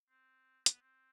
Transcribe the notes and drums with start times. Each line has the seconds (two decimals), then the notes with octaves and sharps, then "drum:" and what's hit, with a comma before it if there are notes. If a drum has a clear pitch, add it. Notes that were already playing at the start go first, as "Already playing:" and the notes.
0.10 C4
0.66 B3, drum: hi-hat
0.81 C4